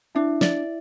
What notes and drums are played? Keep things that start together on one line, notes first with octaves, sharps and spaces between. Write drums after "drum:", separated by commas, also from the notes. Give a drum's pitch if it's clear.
D4 E4 E5
D5, drum: snare